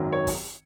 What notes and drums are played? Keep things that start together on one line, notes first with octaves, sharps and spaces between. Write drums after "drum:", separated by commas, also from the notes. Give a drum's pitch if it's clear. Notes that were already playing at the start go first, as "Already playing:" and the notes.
Already playing: G#1 F#2 D#3 F#3
C#5
drum: kick, open hi-hat